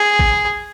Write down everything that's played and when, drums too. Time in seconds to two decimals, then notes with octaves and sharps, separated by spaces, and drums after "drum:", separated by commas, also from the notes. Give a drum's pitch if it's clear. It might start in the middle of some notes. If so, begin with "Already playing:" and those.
Already playing: G#4
0.19 drum: kick